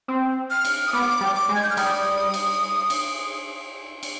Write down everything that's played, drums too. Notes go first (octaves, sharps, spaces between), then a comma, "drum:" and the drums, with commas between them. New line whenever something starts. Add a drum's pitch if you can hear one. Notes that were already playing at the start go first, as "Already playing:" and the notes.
C4
F6
drum: cymbal
D#6
B3 D6
G3
D6
G#3
G#6
G6
F6
G3 D#6, drum: cymbal
drum: cymbal
drum: cymbal
drum: cymbal